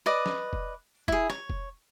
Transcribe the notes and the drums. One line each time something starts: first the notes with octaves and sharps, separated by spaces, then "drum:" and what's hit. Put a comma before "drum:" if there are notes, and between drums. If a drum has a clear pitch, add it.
B4 D5 D#5 D6
drum: snare
drum: kick F1
E4 G#4, drum: kick F1
C#5, drum: rim click
drum: kick F1